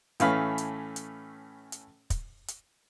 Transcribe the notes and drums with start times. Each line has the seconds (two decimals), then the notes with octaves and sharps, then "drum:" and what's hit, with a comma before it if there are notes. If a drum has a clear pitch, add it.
0.20 A2 E3 A3 C#4 F5 B5, drum: hi-hat
0.58 drum: hi-hat
0.96 drum: hi-hat
1.72 drum: hi-hat
2.10 drum: kick, hi-hat
2.48 drum: hi-hat